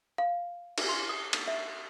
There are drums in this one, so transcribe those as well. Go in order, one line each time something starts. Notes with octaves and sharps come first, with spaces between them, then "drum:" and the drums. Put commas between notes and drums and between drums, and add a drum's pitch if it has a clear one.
F5
drum: cymbal
C6
D#6
drum: cymbal
E5